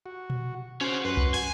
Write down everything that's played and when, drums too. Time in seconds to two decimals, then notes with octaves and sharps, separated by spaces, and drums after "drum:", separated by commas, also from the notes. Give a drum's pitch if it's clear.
0.06 F#4
0.30 drum: tom A#2
0.81 C#4 F#4 G#4 C5
1.05 F#2 F#4 B4 C6
1.17 drum: kick C2
1.34 G#5, drum: cymbal